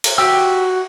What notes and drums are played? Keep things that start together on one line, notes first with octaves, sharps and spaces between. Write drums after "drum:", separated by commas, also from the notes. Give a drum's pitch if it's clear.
drum: cymbal
F#4 G4 E6